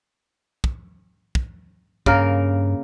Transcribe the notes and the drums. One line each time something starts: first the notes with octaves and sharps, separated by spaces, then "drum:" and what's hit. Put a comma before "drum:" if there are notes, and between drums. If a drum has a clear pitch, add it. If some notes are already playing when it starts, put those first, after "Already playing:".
drum: kick
drum: kick
G2 C#3 A#3 A#4, drum: kick